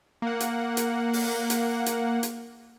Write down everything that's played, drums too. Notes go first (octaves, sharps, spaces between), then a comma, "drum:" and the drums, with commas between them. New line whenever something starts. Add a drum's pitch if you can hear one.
A#3 F#5
drum: hi-hat
drum: hi-hat
drum: open hi-hat
drum: hi-hat
drum: hi-hat
drum: hi-hat